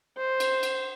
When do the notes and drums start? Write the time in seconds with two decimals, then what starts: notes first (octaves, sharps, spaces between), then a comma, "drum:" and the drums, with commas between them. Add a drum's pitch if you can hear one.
0.17 C5
0.40 drum: cymbal
0.63 drum: cymbal